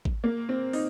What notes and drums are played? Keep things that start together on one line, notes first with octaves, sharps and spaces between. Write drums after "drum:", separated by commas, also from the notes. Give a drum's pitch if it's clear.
drum: kick G#1
A#3
C4
D#4, drum: open hi-hat